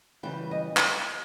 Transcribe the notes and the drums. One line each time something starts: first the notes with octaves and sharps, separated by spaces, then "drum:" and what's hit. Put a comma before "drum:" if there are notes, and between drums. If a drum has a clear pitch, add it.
C#3 E3 G3 G5
D#5
drum: clap